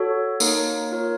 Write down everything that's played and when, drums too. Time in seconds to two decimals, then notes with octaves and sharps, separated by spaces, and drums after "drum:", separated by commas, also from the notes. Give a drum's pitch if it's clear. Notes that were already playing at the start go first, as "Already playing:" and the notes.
Already playing: F#4 A4 C#5
0.40 A#3 D#4 A#4 C#5, drum: tambourine
0.92 F4 A#4 C#5